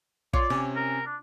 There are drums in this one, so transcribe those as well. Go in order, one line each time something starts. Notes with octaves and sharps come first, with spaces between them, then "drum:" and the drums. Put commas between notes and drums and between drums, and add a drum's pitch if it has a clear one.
F4 C#5 D5, drum: kick
C3 C#4
A#4
D4